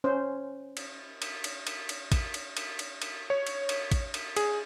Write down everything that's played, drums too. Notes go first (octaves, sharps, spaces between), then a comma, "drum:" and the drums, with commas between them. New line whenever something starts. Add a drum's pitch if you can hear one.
C#4 C5
drum: cymbal
drum: cymbal
drum: cymbal
drum: cymbal
drum: cymbal
drum: kick A1, cymbal
drum: cymbal
drum: cymbal
drum: cymbal
drum: cymbal
C#5
drum: cymbal
drum: cymbal
drum: kick A1, cymbal
drum: cymbal
G#4, drum: cymbal